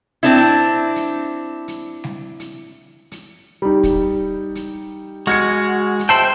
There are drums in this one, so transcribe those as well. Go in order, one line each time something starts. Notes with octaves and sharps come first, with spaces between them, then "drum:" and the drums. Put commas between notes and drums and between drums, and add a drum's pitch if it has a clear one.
C4 D4 E4, drum: hi-hat
drum: hi-hat
drum: hi-hat
drum: snare G3
drum: hi-hat
drum: hi-hat
G3 D#4
drum: kick, hi-hat
drum: hi-hat
G#3 F#4 F6 G#6 C#7, drum: hi-hat
drum: hi-hat
C5 E5 G5 A5 C7 F#7